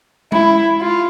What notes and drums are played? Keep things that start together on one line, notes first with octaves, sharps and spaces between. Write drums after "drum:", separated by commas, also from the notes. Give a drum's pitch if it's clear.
E4, drum: tom G#3
F4